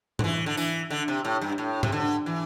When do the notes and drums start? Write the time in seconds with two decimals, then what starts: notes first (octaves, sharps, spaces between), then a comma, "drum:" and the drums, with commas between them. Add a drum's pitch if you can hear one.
0.19 D3, drum: tom G#2
0.24 E3
0.46 D3
0.57 E3, drum: tambourine
0.90 D3
1.08 C3
1.25 A2
1.41 G2
1.58 A2
1.83 C3, drum: tom G#2
1.92 D3
2.26 E3